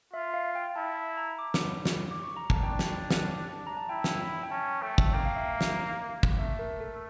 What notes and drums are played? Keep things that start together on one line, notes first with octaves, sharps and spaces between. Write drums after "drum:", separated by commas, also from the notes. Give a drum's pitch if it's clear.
F4 E5
F5
G5
E4 A5
A5
A#5
D6
drum: snare
drum: snare
D6
C#6
A#5
A5, drum: kick
D4 G5
drum: snare
drum: snare
A#5
A5
E4 G5
drum: snare
G5
C#4 A5
A3 G5
drum: kick
A#3 G5
F5
E5
F5
drum: snare
drum: kick
A3 E5
A#4
A4